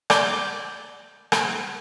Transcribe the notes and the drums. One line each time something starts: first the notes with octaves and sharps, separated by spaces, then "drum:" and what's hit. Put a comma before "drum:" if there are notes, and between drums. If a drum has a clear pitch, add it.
D5 G6, drum: rim click
drum: rim click